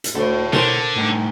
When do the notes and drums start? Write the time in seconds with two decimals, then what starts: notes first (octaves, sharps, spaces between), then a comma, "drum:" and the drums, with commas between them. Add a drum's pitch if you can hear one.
0.04 drum: hi-hat
0.15 D2 A4 C#5
0.53 D3 A#4 C5, drum: tom B2
0.97 A2 D#4